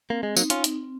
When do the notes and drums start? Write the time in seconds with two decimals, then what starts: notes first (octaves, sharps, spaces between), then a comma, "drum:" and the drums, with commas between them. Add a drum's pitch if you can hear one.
0.10 A#3 C4
0.23 G#3
0.37 F#3 A#3 D#4, drum: tambourine
0.50 C#4 F4, drum: hi-hat
0.64 C4, drum: hi-hat